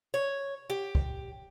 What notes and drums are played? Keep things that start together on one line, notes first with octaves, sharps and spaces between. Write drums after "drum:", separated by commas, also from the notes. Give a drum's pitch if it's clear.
C#5
G4
drum: kick